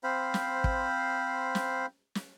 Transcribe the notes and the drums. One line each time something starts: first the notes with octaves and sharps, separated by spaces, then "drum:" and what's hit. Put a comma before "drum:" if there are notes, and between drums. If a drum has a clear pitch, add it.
C4 C5 F5 B5
drum: snare
drum: kick
drum: snare
drum: snare